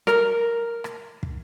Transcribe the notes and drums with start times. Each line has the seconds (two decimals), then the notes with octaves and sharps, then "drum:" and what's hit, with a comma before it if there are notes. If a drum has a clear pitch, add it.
0.07 A#4, drum: rim click
0.84 drum: rim click
1.23 drum: kick